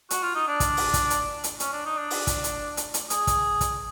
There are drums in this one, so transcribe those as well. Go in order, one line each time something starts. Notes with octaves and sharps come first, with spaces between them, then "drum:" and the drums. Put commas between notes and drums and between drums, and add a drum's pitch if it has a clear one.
F#4, drum: hi-hat
F4
D#4
D4
drum: kick, hi-hat
drum: open hi-hat
drum: kick, hi-hat
drum: hi-hat
drum: hi-hat
C#4, drum: hi-hat
D4
D#4
D4
drum: open hi-hat
drum: kick, hi-hat
drum: hi-hat
drum: hi-hat
drum: hi-hat
G#4, drum: hi-hat
drum: kick, hi-hat
drum: kick, hi-hat